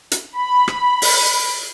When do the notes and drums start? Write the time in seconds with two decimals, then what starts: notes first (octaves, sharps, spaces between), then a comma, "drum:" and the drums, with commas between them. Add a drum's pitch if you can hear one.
0.12 drum: hi-hat
0.37 B5
0.68 drum: rim click
1.02 drum: open hi-hat